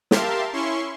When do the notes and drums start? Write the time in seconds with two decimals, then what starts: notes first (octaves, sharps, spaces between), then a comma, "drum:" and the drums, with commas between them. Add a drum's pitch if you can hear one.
0.11 G4 A#4 E5 F5 A5 C6, drum: snare
0.53 C#4 E4 C6 C#6